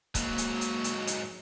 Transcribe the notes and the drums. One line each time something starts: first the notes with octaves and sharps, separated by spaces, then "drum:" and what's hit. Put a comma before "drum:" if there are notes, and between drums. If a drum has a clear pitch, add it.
G#2 F#3 A#3, drum: kick, hi-hat
drum: hi-hat
drum: hi-hat
drum: hi-hat
drum: hi-hat